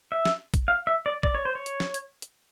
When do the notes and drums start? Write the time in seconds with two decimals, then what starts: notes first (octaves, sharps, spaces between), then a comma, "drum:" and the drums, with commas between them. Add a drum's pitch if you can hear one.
0.12 E5
0.25 drum: snare
0.54 drum: kick, hi-hat
0.68 F5
0.87 E5
1.06 D5
1.23 D5, drum: kick
1.35 C#5
1.45 C5
1.55 C#5
1.66 drum: hi-hat
1.80 drum: snare
1.94 drum: hi-hat
2.22 drum: hi-hat